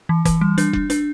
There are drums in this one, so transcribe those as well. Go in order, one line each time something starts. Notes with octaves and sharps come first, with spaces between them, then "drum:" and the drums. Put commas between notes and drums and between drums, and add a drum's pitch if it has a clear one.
E3
E3, drum: kick F1, hi-hat
G3
D4, drum: hi-hat
D4, drum: kick F1
D4, drum: hi-hat